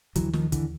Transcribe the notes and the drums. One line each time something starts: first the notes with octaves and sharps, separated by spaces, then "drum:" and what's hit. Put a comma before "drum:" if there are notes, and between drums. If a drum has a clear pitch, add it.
D#2 D3 E3 F#3, drum: kick, hi-hat
D#3 F3, drum: snare
D3 E3, drum: kick, hi-hat